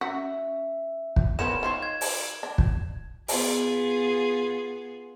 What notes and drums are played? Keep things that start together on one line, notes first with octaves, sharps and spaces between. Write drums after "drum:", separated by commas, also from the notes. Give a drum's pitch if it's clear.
C#4 F#4 E5
drum: kick
F3 B3 F#4 A#4 B4 C#5 E7
D#3 F4 C5 C#5
G#6
drum: open hi-hat
D4
drum: kick
B3 F4 G#4, drum: open hi-hat